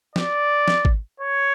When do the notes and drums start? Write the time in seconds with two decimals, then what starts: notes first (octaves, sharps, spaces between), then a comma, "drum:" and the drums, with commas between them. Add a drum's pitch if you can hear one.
0.16 D5, drum: snare
0.68 drum: snare
0.85 drum: kick G#1
1.20 C#5